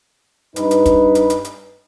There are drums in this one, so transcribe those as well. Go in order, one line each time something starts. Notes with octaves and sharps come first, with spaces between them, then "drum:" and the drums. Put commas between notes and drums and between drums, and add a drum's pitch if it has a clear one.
G2 D#4 B4, drum: hi-hat
drum: hi-hat
drum: kick, hi-hat
drum: hi-hat
drum: hi-hat
drum: hi-hat